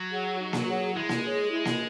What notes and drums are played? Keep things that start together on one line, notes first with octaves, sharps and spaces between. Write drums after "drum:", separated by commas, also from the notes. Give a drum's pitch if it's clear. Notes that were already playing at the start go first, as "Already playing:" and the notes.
Already playing: F#3
G#4 C#5 F#5
D#4
drum: snare A#3
G#4 C#5 F#5
G#3 E4
drum: snare A#3
G#4 C#5
E4
drum: snare A#3